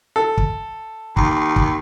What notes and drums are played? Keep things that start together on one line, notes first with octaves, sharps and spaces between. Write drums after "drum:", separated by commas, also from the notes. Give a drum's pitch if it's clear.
A4
drum: kick
D#2, drum: kick
drum: kick